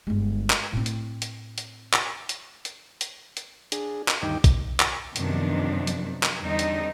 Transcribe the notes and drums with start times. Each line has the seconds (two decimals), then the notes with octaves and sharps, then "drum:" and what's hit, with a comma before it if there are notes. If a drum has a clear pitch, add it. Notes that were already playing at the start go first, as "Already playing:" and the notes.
0.07 G1 G#3
0.50 drum: clap
0.72 A2 C4
0.86 drum: hi-hat
1.22 drum: hi-hat
1.58 drum: hi-hat
1.93 drum: clap
2.29 drum: hi-hat
2.65 drum: hi-hat
3.01 drum: hi-hat
3.37 drum: hi-hat
3.72 D4 G#4, drum: hi-hat
4.08 drum: clap
4.22 D2 G2 D#3 D#4 G5 D6
4.44 drum: kick, hi-hat
4.80 drum: clap
5.16 F#2 C3 D#3 F3 B3 D4, drum: hi-hat
5.87 drum: hi-hat
6.23 drum: clap
6.41 E2 D3 G3 C4 D4 D#4
6.59 drum: hi-hat